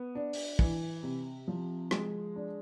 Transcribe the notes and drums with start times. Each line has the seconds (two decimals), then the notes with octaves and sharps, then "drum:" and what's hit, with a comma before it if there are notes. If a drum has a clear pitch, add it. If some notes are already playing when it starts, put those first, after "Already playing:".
Already playing: B3
0.15 D4
0.33 drum: open hi-hat
0.59 E3, drum: kick
1.03 C3
1.48 F3
1.91 G#3, drum: rim click
2.36 D4